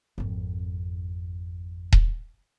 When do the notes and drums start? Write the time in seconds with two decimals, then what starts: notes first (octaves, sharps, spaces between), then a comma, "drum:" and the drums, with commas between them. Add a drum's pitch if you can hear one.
0.18 G#1 F2
1.92 drum: kick D#1